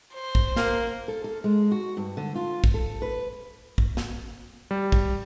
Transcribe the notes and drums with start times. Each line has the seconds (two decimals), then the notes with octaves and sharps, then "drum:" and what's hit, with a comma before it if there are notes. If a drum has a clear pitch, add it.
0.15 C5
0.35 drum: kick
0.56 A#3, drum: snare
1.08 A4
1.24 A4
1.44 G#3
1.71 F#4
1.97 G2
2.17 D3
2.35 F4
2.64 drum: kick
2.74 A4
3.02 B4
3.78 drum: kick
3.97 drum: snare
4.71 G3
4.92 drum: kick